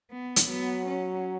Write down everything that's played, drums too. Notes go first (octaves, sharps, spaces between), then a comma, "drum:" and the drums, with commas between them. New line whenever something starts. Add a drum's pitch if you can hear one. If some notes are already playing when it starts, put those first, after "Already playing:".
B3
drum: hi-hat
F#3 B3
C#4